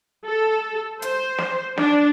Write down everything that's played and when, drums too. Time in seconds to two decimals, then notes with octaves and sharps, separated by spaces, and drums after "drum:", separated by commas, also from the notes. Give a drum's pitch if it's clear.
0.25 A4
1.02 C5, drum: hi-hat
1.38 drum: snare
1.78 D4, drum: snare